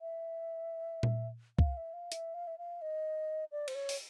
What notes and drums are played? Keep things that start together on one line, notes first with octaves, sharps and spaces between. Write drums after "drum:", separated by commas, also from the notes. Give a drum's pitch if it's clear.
E5
drum: tom A#2
F5, drum: kick C2
E5
F5
E5, drum: hi-hat
F5
E5
F5
D#5
D5
C5, drum: cymbal
C#5
drum: open hi-hat